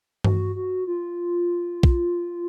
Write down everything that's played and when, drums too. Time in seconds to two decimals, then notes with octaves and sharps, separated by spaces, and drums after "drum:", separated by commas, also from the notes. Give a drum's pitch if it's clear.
0.24 F#4, drum: tom G2
0.56 F#4
0.87 F4
1.83 drum: kick